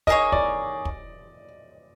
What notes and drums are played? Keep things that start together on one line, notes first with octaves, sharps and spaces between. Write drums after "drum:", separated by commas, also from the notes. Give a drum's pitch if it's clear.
A#3 D#4 G#4 C#5 D#5, drum: kick
D5, drum: kick
drum: kick